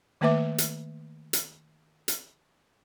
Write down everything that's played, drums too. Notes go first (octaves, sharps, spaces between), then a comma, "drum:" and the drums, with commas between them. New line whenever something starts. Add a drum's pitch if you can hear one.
D#3 A3 A#3 B4 E5 D6
drum: hi-hat
drum: hi-hat
drum: hi-hat